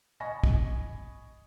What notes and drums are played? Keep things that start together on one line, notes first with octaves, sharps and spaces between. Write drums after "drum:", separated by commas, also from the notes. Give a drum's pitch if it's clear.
D#5 G#5 B5 C#6 A#6
drum: kick